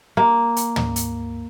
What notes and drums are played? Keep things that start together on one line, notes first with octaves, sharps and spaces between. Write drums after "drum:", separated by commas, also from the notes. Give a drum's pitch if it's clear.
A#3
drum: hi-hat
drum: tom
drum: hi-hat